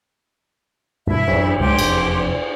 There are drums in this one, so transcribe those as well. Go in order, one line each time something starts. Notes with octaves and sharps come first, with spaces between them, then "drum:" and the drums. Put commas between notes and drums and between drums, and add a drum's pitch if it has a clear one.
G2 B2 E3 E4 E5
A1 F#2, drum: cymbal
C#2 G#2 F#3 G4 C6
F1 E2, drum: cymbal